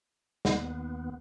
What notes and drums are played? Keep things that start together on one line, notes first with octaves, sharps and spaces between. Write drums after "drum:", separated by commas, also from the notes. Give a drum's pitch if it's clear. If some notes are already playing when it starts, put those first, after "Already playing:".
D#2 B3, drum: snare